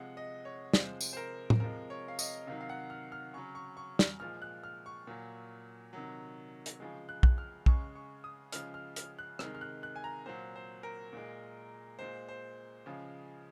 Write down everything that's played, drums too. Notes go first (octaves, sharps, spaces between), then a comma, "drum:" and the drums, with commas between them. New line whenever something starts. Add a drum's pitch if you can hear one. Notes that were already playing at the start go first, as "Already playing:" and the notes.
Already playing: C3 F3 G#3 F#5
D#5
C#5
C3 F3 G#3 C5, drum: snare
drum: tambourine
C5
A#4
drum: tom A2
C3 F3 G#3 A#4
C#5
F5
D#5, drum: tambourine
C3 D#3 F#3 F5
F5
F#5
F6
F6
C#3 F#3 C#6
C#6
C#6
F6, drum: snare
A#2 F3 G#3 F6
F#6
F6
C#6
A#2 F#3
C3 D#3 F#3
drum: hi-hat
C#3 F3 G#3
F#6
F#6, drum: kick B1
F6
C#3 G#3 C#6, drum: kick B1
C#6
D#6
C#3 F3 G#3 F6, drum: hi-hat
F6
F6, drum: hi-hat
F#6
C3 D#3 G#3 F6, drum: rim click
F6
F#6
F#6
G#5
A#5
A#2 F#3 C5
C5
A#4
A#2 G#3
A#2 G#3 C5
C5
C#3 F3 G#3